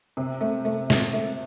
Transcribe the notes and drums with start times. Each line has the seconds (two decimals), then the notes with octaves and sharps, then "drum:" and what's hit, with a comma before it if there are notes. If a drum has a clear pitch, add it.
0.17 C3
0.41 A3
0.65 A3
0.90 A3, drum: snare
1.13 A3